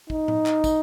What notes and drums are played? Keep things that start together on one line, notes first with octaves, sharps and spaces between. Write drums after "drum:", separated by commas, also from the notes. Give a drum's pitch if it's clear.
D#4, drum: kick
drum: tom A2
drum: clap
drum: kick, tambourine